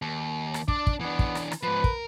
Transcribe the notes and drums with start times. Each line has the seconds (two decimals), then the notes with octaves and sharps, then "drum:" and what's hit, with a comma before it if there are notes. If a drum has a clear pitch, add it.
0.02 D#2
0.54 drum: rim click
0.68 D4 D5, drum: kick
0.87 drum: kick
1.01 E3 B3 D4
1.19 drum: kick
1.35 drum: rim click
1.52 drum: rim click
1.63 G#2 F3 B4
1.84 A#4, drum: kick